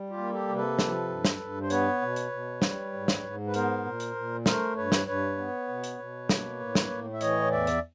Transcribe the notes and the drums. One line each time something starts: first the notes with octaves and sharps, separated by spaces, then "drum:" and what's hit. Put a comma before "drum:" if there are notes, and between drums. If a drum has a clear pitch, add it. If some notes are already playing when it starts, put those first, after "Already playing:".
Already playing: G3
F4 G4
A#3
G4 A4
C3
A4 B4
F3, drum: snare
G2
drum: snare
G2
C5
B3 B4 C#5, drum: hi-hat
B2
drum: hi-hat
B2
G3, drum: snare
G#2
drum: snare
G#2
B4
B3 A#4 C5, drum: hi-hat
A#2
drum: hi-hat
A#2
A3 A#4 C5, drum: snare
G2 B4 C#5
drum: snare
G2 B4 C#5
B3
B2
drum: hi-hat
B2
A#3, drum: snare
A2
drum: snare
A2
E5
E3 C#5 D#5, drum: hi-hat
E2 D5 E5
drum: hi-hat